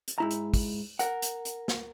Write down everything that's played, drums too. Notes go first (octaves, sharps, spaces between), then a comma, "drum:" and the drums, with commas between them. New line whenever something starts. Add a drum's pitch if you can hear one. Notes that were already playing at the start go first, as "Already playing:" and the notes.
drum: hi-hat
G#2 E4 A#5
drum: hi-hat
drum: kick, open hi-hat
A#4 F#5, drum: hi-hat
drum: hi-hat
drum: hi-hat
drum: snare